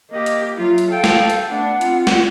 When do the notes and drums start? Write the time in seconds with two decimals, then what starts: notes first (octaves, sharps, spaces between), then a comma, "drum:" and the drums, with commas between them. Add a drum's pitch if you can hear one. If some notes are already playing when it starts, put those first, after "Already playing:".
0.11 A#3 G4 D#5
0.26 drum: hi-hat
0.58 F#3 F4 E5
0.78 drum: hi-hat
0.91 A4 F5 G5
1.04 drum: snare
1.30 drum: hi-hat
1.48 A3 B3 D4 F#5
1.81 C4 F4, drum: hi-hat
2.07 drum: snare